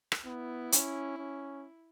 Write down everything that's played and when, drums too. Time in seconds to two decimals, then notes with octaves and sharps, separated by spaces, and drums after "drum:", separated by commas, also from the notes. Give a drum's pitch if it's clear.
0.12 drum: rim click
0.25 B3 E4
0.72 C#4, drum: hi-hat
1.18 C#4